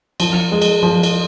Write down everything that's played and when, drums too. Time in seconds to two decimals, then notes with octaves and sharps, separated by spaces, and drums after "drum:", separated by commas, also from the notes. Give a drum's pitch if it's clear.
0.20 F3, drum: cymbal
0.52 G#3
0.62 drum: cymbal
0.83 F3
1.03 drum: cymbal